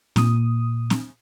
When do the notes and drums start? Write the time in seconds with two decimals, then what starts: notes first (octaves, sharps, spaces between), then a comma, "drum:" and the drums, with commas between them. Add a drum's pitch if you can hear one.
0.16 A#2 D#6, drum: snare
0.90 drum: snare